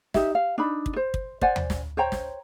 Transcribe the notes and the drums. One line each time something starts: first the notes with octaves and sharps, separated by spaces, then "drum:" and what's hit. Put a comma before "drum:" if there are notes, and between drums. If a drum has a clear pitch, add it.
D#4 G4 E5, drum: snare
F5
D4 D#4 B5
drum: kick
C5
drum: kick
C5 D5 F#5 G#5, drum: kick
drum: tom D#2
drum: snare
C5 C#5 G5 A#5
drum: snare